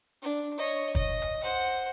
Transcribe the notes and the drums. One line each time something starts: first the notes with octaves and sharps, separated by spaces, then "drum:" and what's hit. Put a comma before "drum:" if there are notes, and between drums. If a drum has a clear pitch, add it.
D4
C#5 D#5
D#5, drum: kick
drum: hi-hat
C5 F#5